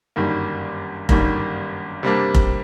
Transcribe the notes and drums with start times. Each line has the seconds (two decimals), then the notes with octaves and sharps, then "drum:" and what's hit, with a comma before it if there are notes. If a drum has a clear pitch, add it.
0.16 G1 F#2 D#3 G3 A#3
1.09 G1 F#2 D#3 G3 A#3, drum: kick F1
2.03 C3 G3 A#3 D4
2.35 drum: kick F1